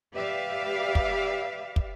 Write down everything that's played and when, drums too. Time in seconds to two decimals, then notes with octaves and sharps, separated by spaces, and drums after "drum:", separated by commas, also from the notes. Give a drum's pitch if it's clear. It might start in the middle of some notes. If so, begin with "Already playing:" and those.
0.14 G4 B4 D5 E5 F5
0.95 drum: kick
1.76 drum: kick